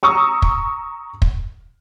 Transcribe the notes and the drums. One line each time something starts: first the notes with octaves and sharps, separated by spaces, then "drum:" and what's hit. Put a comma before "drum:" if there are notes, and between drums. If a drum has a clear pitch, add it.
A#5 C#6 D#6 E6
drum: kick
drum: kick